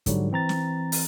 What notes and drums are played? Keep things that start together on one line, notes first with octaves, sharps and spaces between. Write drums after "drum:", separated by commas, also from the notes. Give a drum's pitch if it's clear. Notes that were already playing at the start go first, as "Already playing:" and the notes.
G#2 D3 F#3 G3, drum: kick, hi-hat
E3 C4 A#5 A6
drum: snare
drum: open hi-hat